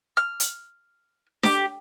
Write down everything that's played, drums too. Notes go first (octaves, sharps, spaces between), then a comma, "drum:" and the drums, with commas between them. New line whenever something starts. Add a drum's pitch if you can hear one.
F6
drum: hi-hat
G4, drum: snare D4